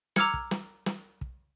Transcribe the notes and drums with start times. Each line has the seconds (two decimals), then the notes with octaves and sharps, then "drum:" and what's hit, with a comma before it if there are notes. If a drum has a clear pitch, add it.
0.16 A#5 D6 E6 F6 G#6 C#7, drum: snare
0.34 drum: kick
0.51 drum: snare
0.86 drum: snare
1.21 drum: kick